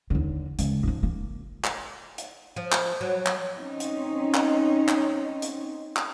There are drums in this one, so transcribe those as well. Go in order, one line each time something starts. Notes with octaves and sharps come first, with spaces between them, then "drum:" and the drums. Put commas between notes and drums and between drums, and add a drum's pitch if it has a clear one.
D#2 D3
C#2, drum: hi-hat
G#2 F3
A#3
drum: clap
drum: hi-hat
F3
drum: clap
F#3
drum: clap
C4 C#4 D#4
drum: hi-hat
drum: clap
drum: clap
drum: hi-hat
drum: clap